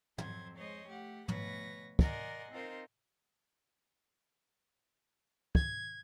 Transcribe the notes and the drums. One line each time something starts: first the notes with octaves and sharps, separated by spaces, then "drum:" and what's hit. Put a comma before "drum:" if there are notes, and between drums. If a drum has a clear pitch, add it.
F2 F#3 C5 G#6, drum: tom
G#3 C5 C#5 D#5
A3 G4 F#5
D2 B2 F3 B4 C#5 A#6, drum: tom
A#4 D5 D#5 F#5 G#5 C6, drum: kick
C4 D#4 F4 A#4 C5
G#6, drum: kick